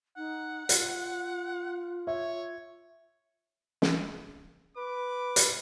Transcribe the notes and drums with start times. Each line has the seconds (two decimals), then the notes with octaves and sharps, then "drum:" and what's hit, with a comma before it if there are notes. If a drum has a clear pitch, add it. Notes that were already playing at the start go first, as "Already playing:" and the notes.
0.17 D#4 F#5
0.69 F4, drum: hi-hat
2.07 C#5 E5
3.82 drum: snare
4.77 B4 D6
5.36 drum: hi-hat